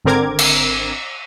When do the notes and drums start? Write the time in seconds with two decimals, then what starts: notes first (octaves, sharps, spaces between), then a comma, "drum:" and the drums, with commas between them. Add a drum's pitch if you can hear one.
0.04 G#1 D3 C4 A#4 D6 G#6
0.39 drum: cymbal